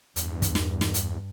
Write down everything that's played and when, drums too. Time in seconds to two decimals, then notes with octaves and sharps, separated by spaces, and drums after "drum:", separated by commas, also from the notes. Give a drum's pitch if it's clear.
0.16 E2 G2, drum: hi-hat
0.42 drum: kick, hi-hat
0.55 drum: snare
0.81 drum: snare
0.94 drum: hi-hat